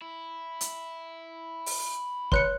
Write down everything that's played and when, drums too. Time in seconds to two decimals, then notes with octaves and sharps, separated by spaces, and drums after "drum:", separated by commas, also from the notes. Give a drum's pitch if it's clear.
0.02 E4
0.61 drum: hi-hat
1.66 drum: open hi-hat
2.32 B4 C#5 C6 F#6 C#7, drum: kick